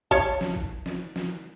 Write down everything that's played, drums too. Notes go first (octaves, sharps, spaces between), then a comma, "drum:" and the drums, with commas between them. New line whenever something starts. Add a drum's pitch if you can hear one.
C#5 F5 A5, drum: kick G#1
drum: snare
drum: kick G#1
drum: snare
drum: snare